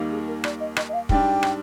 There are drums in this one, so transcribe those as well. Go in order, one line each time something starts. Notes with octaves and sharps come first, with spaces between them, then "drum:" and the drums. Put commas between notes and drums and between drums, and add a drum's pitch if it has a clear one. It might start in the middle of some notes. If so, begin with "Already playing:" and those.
Already playing: D#2 D#3 G3 A#3 D#4
G#4
A#4
D5, drum: rim click
D#5
D#5, drum: rim click
D#5
F5
G#2 G3 D4 G5, drum: kick
drum: rim click